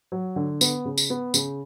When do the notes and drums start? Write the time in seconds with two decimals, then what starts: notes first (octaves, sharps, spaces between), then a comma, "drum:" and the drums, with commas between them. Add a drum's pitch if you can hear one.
0.12 F#3
0.36 D3
0.61 B3, drum: tambourine
0.85 C#3
0.98 drum: tambourine
1.10 B3
1.34 C#3, drum: tambourine